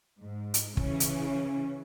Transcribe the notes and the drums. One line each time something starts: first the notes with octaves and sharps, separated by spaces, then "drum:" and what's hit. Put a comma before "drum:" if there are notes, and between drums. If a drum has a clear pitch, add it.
G#2
drum: hi-hat
C#3 E3 C#4, drum: kick
drum: hi-hat